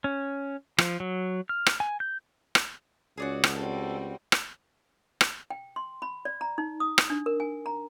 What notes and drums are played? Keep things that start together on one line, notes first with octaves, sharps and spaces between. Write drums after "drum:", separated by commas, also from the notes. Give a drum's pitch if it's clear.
C#4
F3, drum: rim click
F#3
F6
drum: rim click
G#5
G6
drum: rim click
C#2 C#4 F#4 G#4 D5 F#5
drum: rim click
G3 C4 F#4 A4
drum: rim click
drum: rim click
G5
C6
B5
D5
A#5
D#4
D#6
drum: rim click
D4
A#4
G#5
A#5